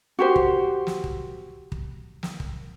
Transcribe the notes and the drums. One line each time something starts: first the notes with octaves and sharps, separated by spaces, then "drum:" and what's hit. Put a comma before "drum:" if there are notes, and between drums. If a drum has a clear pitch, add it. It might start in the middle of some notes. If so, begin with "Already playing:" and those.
F#4 G4 C5
drum: kick
drum: snare
drum: kick
drum: kick
drum: snare
drum: kick